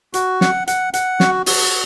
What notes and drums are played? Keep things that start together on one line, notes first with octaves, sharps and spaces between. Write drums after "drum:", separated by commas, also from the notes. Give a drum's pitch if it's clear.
F#4, drum: hi-hat
F#5, drum: snare
F#5, drum: hi-hat
F#5, drum: hi-hat
F#4, drum: snare
F#4, drum: open hi-hat